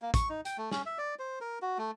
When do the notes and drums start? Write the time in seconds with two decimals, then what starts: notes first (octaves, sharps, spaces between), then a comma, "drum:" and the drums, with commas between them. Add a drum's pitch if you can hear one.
0.02 A#3
0.14 C#6, drum: kick, hi-hat
0.29 D#4
0.45 G5, drum: hi-hat
0.58 A3
0.71 C#4, drum: snare
0.86 E5
0.98 D5
1.19 C5
1.41 A#4
1.62 F#4
1.78 A3